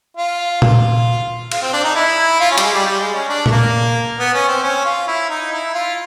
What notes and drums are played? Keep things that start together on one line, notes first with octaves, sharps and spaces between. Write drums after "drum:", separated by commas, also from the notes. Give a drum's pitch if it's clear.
F4
F4, drum: tom A#2
F4, drum: cymbal
C4
D4
D#4
E4
F4
C#4
G3, drum: hi-hat
G#3
G3
G3
G#3
C#4
D4
A3, drum: tom A#2
A#3
B3
C#4
C4
C#4
F4
E4
D#4
E4
F4